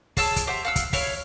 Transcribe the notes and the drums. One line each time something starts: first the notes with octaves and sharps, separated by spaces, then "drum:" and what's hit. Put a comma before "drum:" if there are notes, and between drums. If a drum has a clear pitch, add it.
G#4 C#5 A5 E6, drum: kick, open hi-hat
drum: kick, hi-hat
G4 C5 E5 F#5
F5 F#5 E6
drum: kick, hi-hat
E4 C#5 F5, drum: kick, open hi-hat